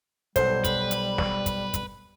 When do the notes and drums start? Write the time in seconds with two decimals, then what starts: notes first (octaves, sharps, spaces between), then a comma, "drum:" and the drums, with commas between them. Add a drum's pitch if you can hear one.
0.36 B1 G3 A4 C5 F#5, drum: kick, hi-hat
0.64 B4, drum: kick, hi-hat
0.91 drum: hi-hat
1.18 drum: snare
1.46 drum: kick, hi-hat
1.74 drum: kick, hi-hat